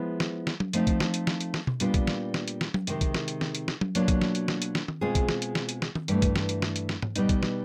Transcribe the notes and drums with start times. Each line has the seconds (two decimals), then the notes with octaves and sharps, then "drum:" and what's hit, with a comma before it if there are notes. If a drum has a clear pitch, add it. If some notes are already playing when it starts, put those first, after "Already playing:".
Already playing: F3 G#3 B3 E4
0.20 drum: snare
0.47 drum: snare
0.60 drum: tom F#3
0.73 F3 A3 C4 D#4, drum: hi-hat
0.87 drum: kick, hi-hat
1.00 drum: snare
1.14 drum: hi-hat
1.27 drum: snare
1.41 drum: hi-hat
1.54 drum: snare
1.67 drum: tom B2
1.80 A#2 G3 B3 D4 F4, drum: hi-hat
1.94 drum: kick, hi-hat
2.07 drum: snare
2.34 drum: snare
2.48 drum: hi-hat
2.61 drum: snare
2.74 drum: tom F#3
2.87 C3 D#3 G#3, drum: hi-hat
3.01 drum: kick, hi-hat
3.14 drum: snare
3.28 drum: hi-hat
3.41 drum: snare
3.55 drum: hi-hat
3.68 drum: snare
3.81 drum: tom F#3
3.95 B2 F#3 A#3 D4 F4, drum: hi-hat
4.08 drum: kick, hi-hat
4.22 drum: snare
4.35 drum: hi-hat
4.48 drum: snare
4.62 drum: hi-hat
4.75 drum: snare
4.88 drum: tom D#3
5.01 B2 G#3 C4 F4 G#4
5.15 drum: kick, hi-hat
5.29 drum: snare
5.42 drum: hi-hat
5.55 drum: snare
5.69 drum: hi-hat
5.82 drum: snare
5.95 drum: tom D#3
6.08 G2 E3 A3, drum: hi-hat
6.22 drum: kick, hi-hat
6.36 drum: snare
6.49 drum: hi-hat
6.62 drum: snare
6.76 drum: hi-hat
6.89 drum: snare
7.02 drum: tom G#2
7.16 B2 G3 B3 D#4, drum: hi-hat
7.29 drum: kick, hi-hat
7.43 drum: snare